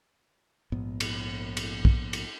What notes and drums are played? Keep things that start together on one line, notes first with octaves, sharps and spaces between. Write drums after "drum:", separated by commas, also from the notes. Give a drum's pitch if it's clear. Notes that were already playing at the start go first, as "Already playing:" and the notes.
A#1 G#2 B3
drum: cymbal
drum: cymbal
drum: kick
drum: cymbal